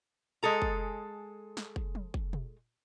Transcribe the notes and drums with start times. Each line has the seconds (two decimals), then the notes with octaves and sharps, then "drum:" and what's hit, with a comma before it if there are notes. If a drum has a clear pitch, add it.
0.43 G#3 G#4 A4 A#5
0.62 drum: kick
1.57 drum: snare
1.76 drum: kick
1.95 drum: tom
2.14 drum: kick
2.33 drum: tom